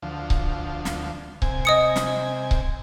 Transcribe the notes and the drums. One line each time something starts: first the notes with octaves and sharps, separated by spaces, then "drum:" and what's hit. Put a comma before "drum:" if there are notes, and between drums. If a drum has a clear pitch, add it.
D2 F3
drum: kick C#1
drum: snare
C3 G#5, drum: kick C#1
D#5 D#6 C#7
drum: snare
drum: kick C#1